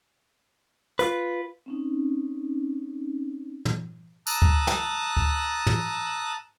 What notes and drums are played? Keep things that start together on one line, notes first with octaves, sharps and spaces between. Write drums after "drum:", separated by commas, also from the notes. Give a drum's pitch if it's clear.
F4 B4, drum: hi-hat
C4 C#4 D#4
drum: tom
A5 A#5 D#6 E6 F#6, drum: tambourine
drum: kick D2
drum: snare
drum: kick D2
drum: tom